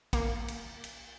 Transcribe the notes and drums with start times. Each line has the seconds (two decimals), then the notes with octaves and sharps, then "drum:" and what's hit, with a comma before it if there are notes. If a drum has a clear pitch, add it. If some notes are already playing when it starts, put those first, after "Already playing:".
0.13 A#3, drum: kick, cymbal
0.48 drum: cymbal
0.84 drum: cymbal